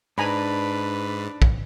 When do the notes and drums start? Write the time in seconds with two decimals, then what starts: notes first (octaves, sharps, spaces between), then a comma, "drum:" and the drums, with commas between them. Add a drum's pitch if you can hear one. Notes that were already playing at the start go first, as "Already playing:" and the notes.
0.18 G#2 D4 B4 G#5 A#5 B5
1.42 drum: kick